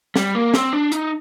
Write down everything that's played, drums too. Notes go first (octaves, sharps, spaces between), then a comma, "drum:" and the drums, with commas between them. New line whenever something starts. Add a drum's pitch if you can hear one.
G3, drum: snare
A#3
C4, drum: snare
D4
D#4, drum: hi-hat